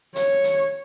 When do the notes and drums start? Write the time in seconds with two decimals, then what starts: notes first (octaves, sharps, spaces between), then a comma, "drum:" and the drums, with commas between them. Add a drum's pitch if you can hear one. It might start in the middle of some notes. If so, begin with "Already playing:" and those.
0.16 C#5, drum: hi-hat
0.44 drum: hi-hat